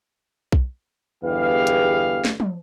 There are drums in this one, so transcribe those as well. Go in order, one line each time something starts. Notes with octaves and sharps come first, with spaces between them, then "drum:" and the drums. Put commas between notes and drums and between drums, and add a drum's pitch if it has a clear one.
drum: kick B1
G1 E2 G4 G#4 B4 F5
drum: hi-hat
drum: snare
drum: tom